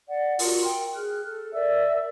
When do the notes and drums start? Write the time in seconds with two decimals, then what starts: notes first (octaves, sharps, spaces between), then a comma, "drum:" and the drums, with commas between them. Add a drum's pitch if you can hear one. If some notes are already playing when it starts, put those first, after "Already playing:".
0.08 D5 F#5
0.39 F4 F#4 A#4 C6, drum: open hi-hat
0.64 G5
0.95 G#4 F6 F#6
1.25 A4
1.53 A#4 D5 E5 E6